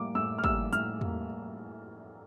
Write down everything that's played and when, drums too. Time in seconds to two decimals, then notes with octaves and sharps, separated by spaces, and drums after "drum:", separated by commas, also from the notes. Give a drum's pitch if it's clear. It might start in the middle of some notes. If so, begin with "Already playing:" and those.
Already playing: A2 G3 A#3 D6
0.15 A2 E6
0.38 F6
0.44 G3 A#3 E6, drum: kick
0.73 A2 F6, drum: hi-hat
1.01 G3 A#3, drum: tom E2